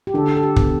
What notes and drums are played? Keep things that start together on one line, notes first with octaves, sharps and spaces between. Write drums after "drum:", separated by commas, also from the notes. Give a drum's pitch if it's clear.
G4
D3 A4
A4
G4
B3, drum: kick